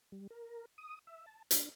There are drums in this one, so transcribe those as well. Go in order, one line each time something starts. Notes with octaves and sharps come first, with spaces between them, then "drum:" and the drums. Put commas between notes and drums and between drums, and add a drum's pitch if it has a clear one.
G3
A#4
D#6
E5
A5
D4, drum: hi-hat